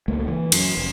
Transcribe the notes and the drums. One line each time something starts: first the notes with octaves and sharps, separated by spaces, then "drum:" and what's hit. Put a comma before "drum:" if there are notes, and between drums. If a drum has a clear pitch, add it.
C#2 A3 A#3
E3
F#2, drum: cymbal
F1